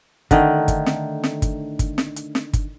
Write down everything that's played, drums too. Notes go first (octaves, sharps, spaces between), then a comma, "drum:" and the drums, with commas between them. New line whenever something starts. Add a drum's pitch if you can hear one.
D3 D#3 A3, drum: kick G1, hi-hat
drum: kick G1, hi-hat
drum: snare
drum: snare
drum: kick G1, hi-hat
drum: kick G1, hi-hat
drum: snare
drum: hi-hat
drum: snare
drum: kick G1, hi-hat